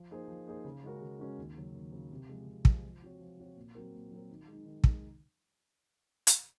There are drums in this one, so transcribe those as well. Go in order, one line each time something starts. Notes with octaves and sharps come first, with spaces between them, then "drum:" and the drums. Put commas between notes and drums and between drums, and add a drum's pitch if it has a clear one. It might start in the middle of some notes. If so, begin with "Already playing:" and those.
Already playing: F3
A#3 D#4 G#4 C5
F3
A#3 D#4 G#4 C5
C#3
G#3 C#4 F#4 A#4
C#3
G#3 C#4 F#4 A#4
D#2
C#3 F#3
D#2
C#3 F#3
C3
F3 G#3
C3
F3 G#3, drum: kick
F3
C4 F#4 C#5
F3
C4 F#4 C#5
A#2
F#3 C4 F#4 A#4
A#2
F#3 C4 F#4 A#4
D#3
G#3 D#4
D#3
G#3 D#4, drum: kick
drum: hi-hat